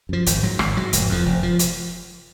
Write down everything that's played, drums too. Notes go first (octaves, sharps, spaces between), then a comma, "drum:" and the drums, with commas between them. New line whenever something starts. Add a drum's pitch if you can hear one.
F#2 F3
G#1, drum: hi-hat
G#2 F#3
G#1, drum: rim click
G#2 F#3
F1, drum: hi-hat
F2 F3
F1
F3
drum: hi-hat